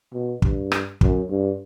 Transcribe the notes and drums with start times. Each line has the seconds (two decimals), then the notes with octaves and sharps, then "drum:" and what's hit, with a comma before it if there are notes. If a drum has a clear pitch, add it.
0.13 B2
0.42 G2, drum: kick
0.72 drum: rim click
1.01 F#2, drum: kick
1.30 G2